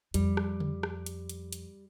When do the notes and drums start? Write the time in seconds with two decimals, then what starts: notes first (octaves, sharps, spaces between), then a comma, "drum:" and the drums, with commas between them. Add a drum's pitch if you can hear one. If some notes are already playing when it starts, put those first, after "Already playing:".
0.14 F2 G3, drum: hi-hat
0.37 drum: rim click
0.60 drum: tom C#3
0.83 drum: rim click
1.06 drum: hi-hat
1.29 drum: hi-hat
1.53 drum: hi-hat